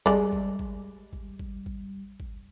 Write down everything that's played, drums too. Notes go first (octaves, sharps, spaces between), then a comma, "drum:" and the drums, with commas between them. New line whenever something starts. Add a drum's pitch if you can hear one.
G3 G#3 D5, drum: kick
drum: kick
drum: kick
drum: kick
drum: kick
drum: kick
drum: kick